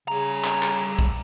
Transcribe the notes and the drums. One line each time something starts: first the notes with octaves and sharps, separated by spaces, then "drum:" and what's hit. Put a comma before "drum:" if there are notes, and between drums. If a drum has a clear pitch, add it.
C#3 G3 A#5
drum: clap
drum: clap
drum: kick